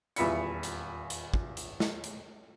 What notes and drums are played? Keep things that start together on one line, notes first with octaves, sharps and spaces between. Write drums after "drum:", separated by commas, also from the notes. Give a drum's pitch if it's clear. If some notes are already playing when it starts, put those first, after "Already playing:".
D#1 E2 F4 E5 B5 C#7, drum: hi-hat
drum: hi-hat
drum: hi-hat
drum: kick
drum: hi-hat
drum: snare
drum: hi-hat